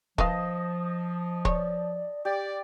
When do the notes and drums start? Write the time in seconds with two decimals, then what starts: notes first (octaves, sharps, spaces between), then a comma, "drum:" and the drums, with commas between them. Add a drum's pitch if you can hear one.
0.18 D#3 F3 B4 D#5 F5 A5, drum: kick
1.45 C#5 D5, drum: kick
2.25 G4 D5